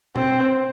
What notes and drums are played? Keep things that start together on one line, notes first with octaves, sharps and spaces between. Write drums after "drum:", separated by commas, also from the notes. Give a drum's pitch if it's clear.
C4, drum: tom